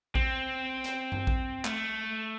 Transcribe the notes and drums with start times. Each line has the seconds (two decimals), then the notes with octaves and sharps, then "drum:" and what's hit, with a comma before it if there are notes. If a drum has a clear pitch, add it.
0.15 C4, drum: kick A#1
0.84 drum: hi-hat
1.12 drum: tom G2
1.27 drum: kick A#1
1.65 A3, drum: clap